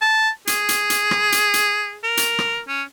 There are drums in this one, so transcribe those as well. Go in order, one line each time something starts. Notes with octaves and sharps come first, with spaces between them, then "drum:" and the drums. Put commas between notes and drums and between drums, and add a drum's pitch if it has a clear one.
A5
G#4, drum: hi-hat
drum: hi-hat
drum: hi-hat
drum: rim click
drum: hi-hat
drum: hi-hat
A#4
drum: hi-hat
drum: rim click
C#4